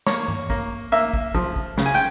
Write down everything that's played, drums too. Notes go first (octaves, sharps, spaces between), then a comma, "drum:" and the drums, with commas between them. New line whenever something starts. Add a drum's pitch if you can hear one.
A#3 C#5, drum: snare
drum: tom G2
A#3, drum: kick
A#3 E5
drum: kick
F3, drum: kick
drum: kick
C#3, drum: snare
G#5
G5